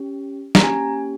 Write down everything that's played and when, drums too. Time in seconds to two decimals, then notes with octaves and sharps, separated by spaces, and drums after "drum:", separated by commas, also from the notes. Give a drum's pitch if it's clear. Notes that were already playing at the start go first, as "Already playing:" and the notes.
Already playing: C#4 G4
0.55 A#3 C#4 G4 A#5, drum: snare
0.64 G#5